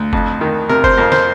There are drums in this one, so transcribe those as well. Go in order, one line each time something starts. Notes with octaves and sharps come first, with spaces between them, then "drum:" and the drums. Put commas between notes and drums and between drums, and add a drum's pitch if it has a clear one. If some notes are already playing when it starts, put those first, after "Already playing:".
Already playing: D2
F2, drum: kick F#1
D#3
C3 A#4
C5, drum: kick F#1
F2 A#4
C5, drum: snare